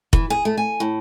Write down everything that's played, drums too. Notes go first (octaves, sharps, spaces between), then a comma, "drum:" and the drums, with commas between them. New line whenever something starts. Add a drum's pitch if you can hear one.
E3, drum: kick F1
G#4
A3
G#5
A2